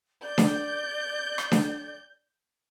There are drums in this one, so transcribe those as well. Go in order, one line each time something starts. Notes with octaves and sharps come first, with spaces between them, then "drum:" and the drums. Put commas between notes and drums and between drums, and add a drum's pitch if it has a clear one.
D5 G6
drum: snare D4
drum: rim click
drum: snare D4